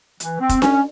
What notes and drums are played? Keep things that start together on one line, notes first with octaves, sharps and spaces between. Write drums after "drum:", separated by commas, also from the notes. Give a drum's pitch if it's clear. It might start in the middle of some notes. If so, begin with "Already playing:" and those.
E3, drum: hi-hat
C4
drum: kick, hi-hat
C#4, drum: snare D4